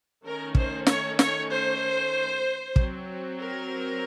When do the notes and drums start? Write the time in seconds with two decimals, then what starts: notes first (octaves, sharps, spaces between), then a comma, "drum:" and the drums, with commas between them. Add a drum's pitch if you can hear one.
0.24 D#3 A3 C#4 A#4
0.55 C5, drum: kick
0.87 C#5, drum: snare
1.19 C#5, drum: snare
1.49 C5
2.76 F#3 C4, drum: kick
3.39 A#4